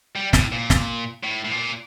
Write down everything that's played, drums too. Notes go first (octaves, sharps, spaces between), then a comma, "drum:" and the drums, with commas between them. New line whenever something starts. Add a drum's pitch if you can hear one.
G3
A2, drum: snare
A#2
drum: snare
A2
A2
A#2